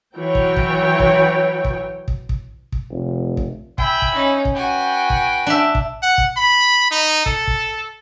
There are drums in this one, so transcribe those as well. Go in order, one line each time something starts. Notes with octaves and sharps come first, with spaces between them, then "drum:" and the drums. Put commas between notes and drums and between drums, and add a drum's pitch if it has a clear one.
E3 F#3 C#5 G5
drum: kick
drum: kick
drum: kick
drum: kick
drum: kick
drum: kick
drum: kick
F1
drum: kick
E5 G5 G#5 B5, drum: kick
drum: kick
C#4 D#4
drum: kick
F#4 B4 G5 G#5
drum: kick
D4 E5
drum: kick
F#5
drum: kick
B5
D#4
A4, drum: kick
drum: kick